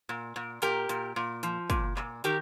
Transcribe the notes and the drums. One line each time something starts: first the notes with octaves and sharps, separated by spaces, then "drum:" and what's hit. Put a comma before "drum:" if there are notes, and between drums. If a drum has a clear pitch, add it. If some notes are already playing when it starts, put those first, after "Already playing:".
A#2
A#2
A#2 G4 A#4, drum: hi-hat
A#2, drum: hi-hat
A#2
F3, drum: hi-hat
A#2, drum: kick, hi-hat
A#2, drum: clap
D#3 G4 A#4, drum: hi-hat